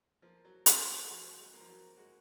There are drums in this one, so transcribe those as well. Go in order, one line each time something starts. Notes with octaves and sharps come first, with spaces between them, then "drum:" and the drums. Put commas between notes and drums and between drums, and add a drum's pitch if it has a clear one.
F3 A#3
F#3
G#3 F#4, drum: hi-hat
G#3
F3 F#4
G#3
A#3
F3
F#3
G#3 F#4